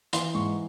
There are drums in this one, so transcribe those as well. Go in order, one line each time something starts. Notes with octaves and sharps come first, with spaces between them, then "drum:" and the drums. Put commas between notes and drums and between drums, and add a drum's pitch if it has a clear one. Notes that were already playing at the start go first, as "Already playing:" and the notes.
E3 C6, drum: hi-hat
G#2 C#6